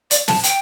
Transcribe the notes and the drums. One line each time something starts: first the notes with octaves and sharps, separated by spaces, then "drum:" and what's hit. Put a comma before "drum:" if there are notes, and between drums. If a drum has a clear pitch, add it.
D5, drum: hi-hat
A5, drum: snare
G5, drum: hi-hat